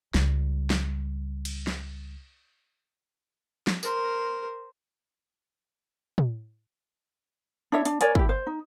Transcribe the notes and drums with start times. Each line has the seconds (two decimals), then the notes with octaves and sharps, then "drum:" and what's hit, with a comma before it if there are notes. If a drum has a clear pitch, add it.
0.14 C#2 G3, drum: snare
0.70 drum: snare
1.45 drum: cymbal
1.67 drum: snare
3.67 drum: snare
3.83 A#4 C5, drum: tambourine
6.18 drum: tom
7.72 D4 E4 C#5 E5
7.85 D4, drum: hi-hat
8.01 A#4 C#5 D5 G#5, drum: hi-hat
8.15 E4 G4, drum: kick
8.29 C5
8.47 D#4